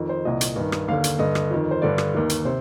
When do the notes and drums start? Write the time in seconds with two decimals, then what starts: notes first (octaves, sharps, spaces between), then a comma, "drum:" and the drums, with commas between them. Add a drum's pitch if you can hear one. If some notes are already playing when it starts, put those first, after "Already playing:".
Already playing: F2 D#3
0.09 C5
0.25 C2 A#2 D#5
0.41 drum: hi-hat
0.56 G2 D#3
0.72 drum: rim click
0.88 D#2 D3 F5
1.04 drum: hi-hat
1.19 G2 D3 D#5
1.35 drum: rim click
1.51 F2 D#3
1.71 C5
1.82 G2 D3 D5
1.98 drum: rim click
2.14 D#2 D#3
2.30 drum: hi-hat
2.45 C3 C5